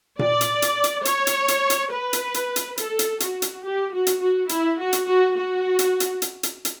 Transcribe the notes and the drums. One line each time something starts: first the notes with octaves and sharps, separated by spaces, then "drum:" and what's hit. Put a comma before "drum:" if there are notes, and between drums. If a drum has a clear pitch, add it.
D5, drum: tom A#2
drum: hi-hat
drum: hi-hat
drum: hi-hat
C#5, drum: hi-hat
drum: hi-hat
drum: hi-hat
drum: hi-hat
B4
drum: hi-hat
drum: hi-hat
drum: hi-hat
A4, drum: hi-hat
drum: hi-hat
F#4, drum: hi-hat
drum: hi-hat
G4
F#4
drum: hi-hat
F#4
E4, drum: hi-hat
F#4
drum: hi-hat
F#4
F#4
drum: hi-hat
drum: hi-hat
drum: hi-hat
drum: hi-hat
drum: hi-hat